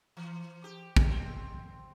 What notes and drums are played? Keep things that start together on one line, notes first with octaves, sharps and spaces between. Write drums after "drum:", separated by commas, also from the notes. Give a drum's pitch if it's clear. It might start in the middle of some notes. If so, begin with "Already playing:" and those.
E3
G4
drum: kick
C4